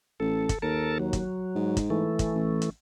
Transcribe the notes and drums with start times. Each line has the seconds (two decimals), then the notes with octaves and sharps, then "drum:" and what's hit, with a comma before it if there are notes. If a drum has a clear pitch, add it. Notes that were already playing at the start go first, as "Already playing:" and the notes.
0.20 A1 A4
0.49 drum: kick, hi-hat
0.62 D#2 A4 A#4 A5
1.00 F#3
1.13 drum: kick, hi-hat
1.55 G#2
1.77 drum: kick, hi-hat
1.90 E3 A3
2.19 drum: kick, hi-hat
2.35 A1
2.62 drum: hi-hat